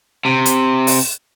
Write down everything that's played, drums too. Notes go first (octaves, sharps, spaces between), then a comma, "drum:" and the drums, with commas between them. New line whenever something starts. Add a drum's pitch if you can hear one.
C3
drum: hi-hat
drum: open hi-hat